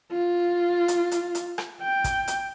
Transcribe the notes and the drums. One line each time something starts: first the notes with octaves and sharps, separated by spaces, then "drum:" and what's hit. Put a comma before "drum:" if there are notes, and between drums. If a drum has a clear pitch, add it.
F4
drum: hi-hat
drum: hi-hat
drum: hi-hat
drum: rim click
G5
drum: kick, hi-hat
drum: hi-hat